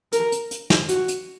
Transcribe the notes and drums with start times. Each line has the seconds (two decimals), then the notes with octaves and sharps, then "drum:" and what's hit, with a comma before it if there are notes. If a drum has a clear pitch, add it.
0.12 A#4, drum: hi-hat
0.32 drum: hi-hat
0.51 drum: hi-hat
0.70 drum: snare
0.89 F#4, drum: hi-hat
1.08 drum: hi-hat